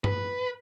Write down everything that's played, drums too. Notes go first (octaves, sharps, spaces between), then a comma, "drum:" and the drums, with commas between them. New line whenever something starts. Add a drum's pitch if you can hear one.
B4, drum: tom G2